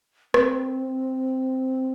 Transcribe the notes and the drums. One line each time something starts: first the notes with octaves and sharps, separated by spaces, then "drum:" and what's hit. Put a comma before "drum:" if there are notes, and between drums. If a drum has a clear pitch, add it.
C4, drum: rim click